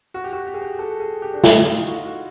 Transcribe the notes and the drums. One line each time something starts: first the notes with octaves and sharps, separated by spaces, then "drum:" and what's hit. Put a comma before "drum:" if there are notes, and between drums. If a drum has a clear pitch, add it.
F#4
G4
F#4
G4
G#4
G4
A4
G#4
G4
D4
D#4, drum: snare
E4
F4
F#4
F4
F#4